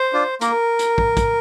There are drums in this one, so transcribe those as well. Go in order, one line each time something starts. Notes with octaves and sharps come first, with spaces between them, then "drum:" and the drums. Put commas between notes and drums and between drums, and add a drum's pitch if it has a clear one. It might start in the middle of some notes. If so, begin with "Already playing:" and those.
Already playing: C5
D4 F4
A#3 A#4, drum: hi-hat
drum: hi-hat
drum: kick
drum: kick, hi-hat